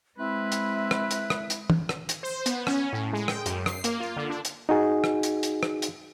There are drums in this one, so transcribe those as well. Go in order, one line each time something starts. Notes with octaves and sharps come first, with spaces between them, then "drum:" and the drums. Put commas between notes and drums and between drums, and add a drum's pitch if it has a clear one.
G#3 C4 E4 B4 E5
drum: hi-hat
drum: rim click
drum: hi-hat
drum: rim click
drum: hi-hat
drum: tom
drum: rim click
drum: hi-hat
C5
B3, drum: hi-hat
C#4, drum: rim click
A2
G#3
G5, drum: rim click
F#2, drum: hi-hat
C7, drum: rim click
A#3, drum: hi-hat
F4
D3
D4
drum: hi-hat
D#4 F#4 G#4
drum: rim click
drum: hi-hat
drum: hi-hat
drum: rim click
drum: hi-hat